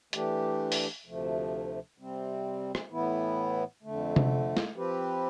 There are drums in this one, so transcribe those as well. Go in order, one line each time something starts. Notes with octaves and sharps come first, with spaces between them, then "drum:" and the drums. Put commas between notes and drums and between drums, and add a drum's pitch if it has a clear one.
E3 A3 D4 G4, drum: hi-hat
drum: open hi-hat
D2 C3 F3 A3
C3 G3 C4
drum: rim click
A2 E3 B3 E4
F2 D3 A3
drum: tom C3
drum: snare
F3 C4 G4 B4